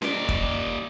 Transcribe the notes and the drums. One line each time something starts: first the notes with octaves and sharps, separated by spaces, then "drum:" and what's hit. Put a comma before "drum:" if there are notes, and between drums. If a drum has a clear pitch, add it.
D#2 D5, drum: snare C#4
drum: kick